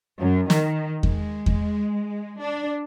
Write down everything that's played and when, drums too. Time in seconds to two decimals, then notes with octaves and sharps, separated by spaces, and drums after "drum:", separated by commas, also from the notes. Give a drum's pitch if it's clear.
0.20 F#2
0.50 D#3, drum: snare
1.03 G#3, drum: kick E2
1.46 drum: kick E2
2.40 D4